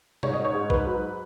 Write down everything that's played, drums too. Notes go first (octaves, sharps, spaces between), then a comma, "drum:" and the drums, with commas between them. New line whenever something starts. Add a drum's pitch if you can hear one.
G#2 C#5, drum: tom
D#5
C#5
G#2
B4, drum: kick
F#3